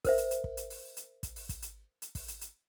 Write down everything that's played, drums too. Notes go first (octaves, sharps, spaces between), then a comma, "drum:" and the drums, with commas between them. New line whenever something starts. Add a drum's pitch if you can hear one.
A#4 C5 E5, drum: kick, open hi-hat
drum: hi-hat
drum: hi-hat
drum: kick
drum: hi-hat
drum: open hi-hat
drum: hi-hat
drum: kick, hi-hat
drum: open hi-hat
drum: kick, hi-hat
drum: hi-hat
drum: hi-hat
drum: kick, open hi-hat
drum: hi-hat
drum: hi-hat